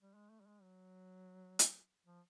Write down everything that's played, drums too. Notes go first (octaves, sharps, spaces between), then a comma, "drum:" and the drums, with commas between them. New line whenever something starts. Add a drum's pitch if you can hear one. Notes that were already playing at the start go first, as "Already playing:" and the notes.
G3
G#3
A3
G3
G#3
F#3
drum: hi-hat
F3